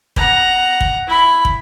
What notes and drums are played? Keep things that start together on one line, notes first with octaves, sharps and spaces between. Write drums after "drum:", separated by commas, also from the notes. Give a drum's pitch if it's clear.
F#5 A#5, drum: kick
drum: kick
E4 B5
drum: kick